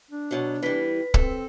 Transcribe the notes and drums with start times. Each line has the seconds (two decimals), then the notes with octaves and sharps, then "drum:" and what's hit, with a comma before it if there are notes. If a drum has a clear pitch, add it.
0.11 D4
0.31 B2 F#3
0.63 E3 G3 B4 B6
1.14 C4 A4, drum: kick